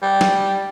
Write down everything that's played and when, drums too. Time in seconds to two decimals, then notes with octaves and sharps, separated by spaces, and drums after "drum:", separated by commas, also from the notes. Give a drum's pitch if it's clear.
0.02 G3
0.21 drum: snare